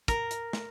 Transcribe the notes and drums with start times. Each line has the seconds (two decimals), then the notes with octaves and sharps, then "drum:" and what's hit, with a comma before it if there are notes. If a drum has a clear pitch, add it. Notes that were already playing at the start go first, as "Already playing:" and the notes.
0.08 A#4, drum: kick, hi-hat
0.31 drum: hi-hat
0.53 drum: snare